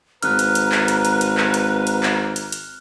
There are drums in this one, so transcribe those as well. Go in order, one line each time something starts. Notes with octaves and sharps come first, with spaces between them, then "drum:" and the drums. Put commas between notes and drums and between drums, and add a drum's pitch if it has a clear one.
G#1 B4 A#5 F6 F#6, drum: hi-hat
drum: hi-hat
drum: hi-hat
drum: clap
drum: hi-hat
drum: hi-hat
drum: hi-hat
drum: clap
drum: hi-hat
drum: hi-hat
drum: clap
drum: hi-hat
drum: hi-hat